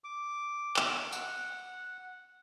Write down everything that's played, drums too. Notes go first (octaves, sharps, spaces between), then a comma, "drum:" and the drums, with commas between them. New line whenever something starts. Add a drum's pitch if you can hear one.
D6
drum: clap
F#5, drum: tambourine